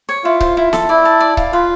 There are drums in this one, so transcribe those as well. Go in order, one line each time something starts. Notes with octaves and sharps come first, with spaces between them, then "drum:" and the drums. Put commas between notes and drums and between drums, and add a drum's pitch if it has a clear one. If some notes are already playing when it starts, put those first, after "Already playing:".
C#5
E4 F4
C5, drum: kick C#1
E4
A4, drum: snare
E4 D5
A5
D5
F5, drum: kick C#1
F4 B4